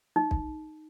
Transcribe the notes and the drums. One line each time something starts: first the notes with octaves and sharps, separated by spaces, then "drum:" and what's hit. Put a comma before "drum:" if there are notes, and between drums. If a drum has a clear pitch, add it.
D#4
drum: kick B1